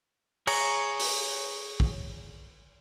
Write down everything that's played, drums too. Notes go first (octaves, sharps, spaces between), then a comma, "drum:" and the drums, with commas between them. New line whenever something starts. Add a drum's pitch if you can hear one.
G#4 C#5 A#5, drum: cymbal
drum: open hi-hat
drum: kick